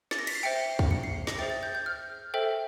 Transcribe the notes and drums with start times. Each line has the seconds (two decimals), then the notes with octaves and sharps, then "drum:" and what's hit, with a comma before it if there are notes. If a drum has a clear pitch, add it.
0.11 A6, drum: snare
0.19 A#6
0.27 B6, drum: cymbal
0.35 C7
0.43 C5 E5 G5 C#7
0.79 drum: kick
0.91 C#7
1.03 C7
1.27 A#6, drum: snare
1.38 G#4 C5 E5 G5 A6
1.50 A6
1.63 G6
1.75 G6
1.86 F6
2.34 A4 C5 E5 G5